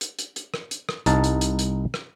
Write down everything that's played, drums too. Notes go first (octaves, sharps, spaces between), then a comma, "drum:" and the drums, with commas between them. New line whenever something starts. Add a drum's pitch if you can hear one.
drum: hi-hat
drum: hi-hat
drum: hi-hat
drum: rim click
drum: hi-hat
drum: rim click
C2 D#4 A5, drum: hi-hat
drum: hi-hat
drum: hi-hat
drum: hi-hat
drum: rim click